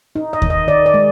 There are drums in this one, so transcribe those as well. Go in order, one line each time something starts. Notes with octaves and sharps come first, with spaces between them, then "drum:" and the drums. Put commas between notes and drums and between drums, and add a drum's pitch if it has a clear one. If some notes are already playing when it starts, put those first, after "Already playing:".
D#4
D#5
D#3, drum: kick D#2
D#5
D#3 D5
D5
G#3